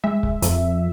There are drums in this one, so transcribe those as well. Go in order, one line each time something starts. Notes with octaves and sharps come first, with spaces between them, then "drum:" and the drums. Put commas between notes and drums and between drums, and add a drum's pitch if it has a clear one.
G#3 E5
drum: kick C#1
F2, drum: hi-hat